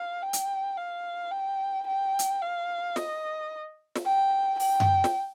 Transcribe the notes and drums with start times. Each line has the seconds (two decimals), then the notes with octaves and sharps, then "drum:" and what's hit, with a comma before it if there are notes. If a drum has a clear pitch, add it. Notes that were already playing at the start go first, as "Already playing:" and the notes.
Already playing: F5
0.22 G5
0.33 drum: hi-hat
0.78 F5
1.32 G5
1.87 G5
2.19 drum: hi-hat
2.42 F5
2.96 D#5, drum: snare
3.96 drum: snare
4.06 G5
4.60 G5, drum: open hi-hat
4.80 drum: tom F#2
5.04 drum: snare